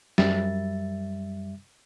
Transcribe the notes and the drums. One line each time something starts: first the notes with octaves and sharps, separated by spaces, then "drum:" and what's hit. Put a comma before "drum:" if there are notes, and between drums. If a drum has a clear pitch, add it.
F#2 G3 E5 A6, drum: snare